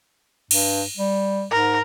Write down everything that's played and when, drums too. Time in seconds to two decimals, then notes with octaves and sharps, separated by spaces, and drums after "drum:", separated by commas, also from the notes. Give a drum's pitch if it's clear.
0.51 G2, drum: cymbal
0.97 G3
1.51 G#2 A#4